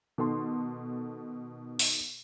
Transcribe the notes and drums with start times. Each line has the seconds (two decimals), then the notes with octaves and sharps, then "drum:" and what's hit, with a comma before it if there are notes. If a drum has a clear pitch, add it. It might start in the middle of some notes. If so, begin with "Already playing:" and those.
0.18 B2 D#3 A4 C6
1.79 drum: open hi-hat